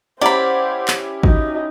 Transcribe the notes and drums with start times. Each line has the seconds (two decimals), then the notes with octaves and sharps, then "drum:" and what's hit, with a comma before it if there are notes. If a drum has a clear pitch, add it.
0.21 C#4 E4 G4 C5 D5 F#5 B5
0.88 drum: clap
1.23 D#4 F#4, drum: kick